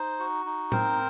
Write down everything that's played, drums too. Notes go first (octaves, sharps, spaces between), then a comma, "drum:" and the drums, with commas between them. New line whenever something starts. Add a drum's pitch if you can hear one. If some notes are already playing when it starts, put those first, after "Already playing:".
Already playing: D#4 C5
F#4
D#4
C4 A#4 C5, drum: tom A2